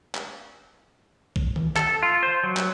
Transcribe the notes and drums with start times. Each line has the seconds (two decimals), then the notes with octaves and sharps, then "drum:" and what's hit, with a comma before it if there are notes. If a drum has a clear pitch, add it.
0.15 drum: clap
1.36 drum: kick A#1
1.56 drum: tom D#3
1.76 A4, drum: clap
2.03 F4
2.23 C5
2.44 F#3
2.57 drum: clap